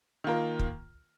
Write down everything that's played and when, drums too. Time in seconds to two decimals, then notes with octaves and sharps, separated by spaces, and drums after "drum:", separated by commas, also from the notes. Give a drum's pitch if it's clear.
0.24 D#3 A#3 F4 A#4
0.59 drum: kick